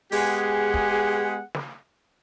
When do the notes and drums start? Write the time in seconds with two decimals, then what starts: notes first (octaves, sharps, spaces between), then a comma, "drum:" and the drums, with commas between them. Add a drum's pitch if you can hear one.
0.12 G#3 B3 G4 G#4 F#5, drum: open hi-hat
0.74 drum: kick
1.54 drum: snare